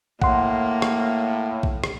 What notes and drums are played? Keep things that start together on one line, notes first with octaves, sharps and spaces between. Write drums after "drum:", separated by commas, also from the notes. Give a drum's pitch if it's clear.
A2 A#3 F#5 C6, drum: kick A#1
drum: rim click
drum: kick A#1
drum: rim click